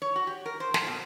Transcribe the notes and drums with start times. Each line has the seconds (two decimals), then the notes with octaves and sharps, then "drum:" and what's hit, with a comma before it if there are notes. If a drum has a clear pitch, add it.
0.02 C#5
0.16 F#4
0.27 G4
0.46 A#4
0.60 C5
0.74 A4, drum: snare
0.87 B2